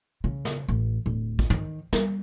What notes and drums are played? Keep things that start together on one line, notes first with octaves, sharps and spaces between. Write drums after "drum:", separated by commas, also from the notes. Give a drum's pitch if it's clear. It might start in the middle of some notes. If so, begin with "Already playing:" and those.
C#3
drum: snare
A1
D1
drum: kick
D#3, drum: tom
G3, drum: snare